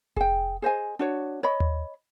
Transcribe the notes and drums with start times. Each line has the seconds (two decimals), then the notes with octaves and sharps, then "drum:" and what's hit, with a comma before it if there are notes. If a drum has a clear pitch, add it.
0.16 G#4 G5, drum: kick F1
0.62 G#4 C5 D#5 G#5
0.99 D4 F#4 C#5
1.43 C#5 D#5 B5
1.60 drum: tom D#2